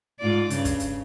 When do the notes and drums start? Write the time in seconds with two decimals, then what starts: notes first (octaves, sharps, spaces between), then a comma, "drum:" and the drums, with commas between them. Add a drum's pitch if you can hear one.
0.19 G#2 F4 D5
0.50 G2 C#3, drum: hi-hat
0.65 drum: kick, hi-hat
0.80 drum: hi-hat